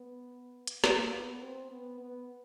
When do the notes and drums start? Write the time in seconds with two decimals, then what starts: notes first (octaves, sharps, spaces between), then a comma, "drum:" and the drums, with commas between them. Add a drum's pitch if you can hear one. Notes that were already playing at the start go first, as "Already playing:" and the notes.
Already playing: B3
0.67 drum: hi-hat
0.84 A#3, drum: snare
1.13 B3
1.42 C4
1.71 B3
2.01 B3